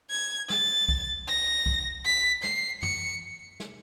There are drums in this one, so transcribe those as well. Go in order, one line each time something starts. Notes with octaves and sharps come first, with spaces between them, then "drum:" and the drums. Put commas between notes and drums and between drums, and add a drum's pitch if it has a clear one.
G#6
A6, drum: snare
drum: kick C2
A#6
drum: kick C2
B6
C7, drum: snare
C#7, drum: tom
drum: snare